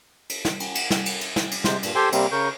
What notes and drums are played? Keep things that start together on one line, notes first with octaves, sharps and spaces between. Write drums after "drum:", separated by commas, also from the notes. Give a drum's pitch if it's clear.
drum: cymbal
drum: snare
drum: cymbal
drum: cymbal
drum: snare
drum: cymbal
drum: cymbal
drum: snare
drum: cymbal
C3 G#3 C5, drum: snare
G2 A#2, drum: cymbal
G4 A4 C5 G5 G#5 C6
C3 G3 A#3 C4, drum: cymbal
C#3 A#4 C#6 G6